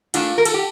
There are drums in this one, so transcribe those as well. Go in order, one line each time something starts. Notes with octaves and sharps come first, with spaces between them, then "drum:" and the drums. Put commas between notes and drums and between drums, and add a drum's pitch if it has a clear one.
A#2 A3 D4 F4, drum: cymbal
A#4
A4, drum: cymbal
G4